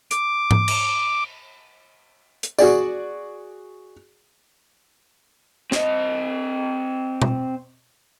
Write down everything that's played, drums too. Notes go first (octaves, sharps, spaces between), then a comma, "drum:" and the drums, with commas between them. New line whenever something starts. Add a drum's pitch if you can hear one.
D6, drum: hi-hat
drum: tom G#2
drum: cymbal
drum: hi-hat
F#4 G#4 D5, drum: tambourine
C4 D#5, drum: snare
drum: tom B2